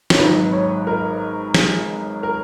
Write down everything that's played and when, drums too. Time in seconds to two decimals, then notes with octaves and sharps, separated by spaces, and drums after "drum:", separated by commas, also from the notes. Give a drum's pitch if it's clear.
0.10 C#5, drum: snare
0.18 G#1 G#2 F#3 B4
0.52 C#5
0.87 A#4
1.54 G#4, drum: snare
2.23 A#4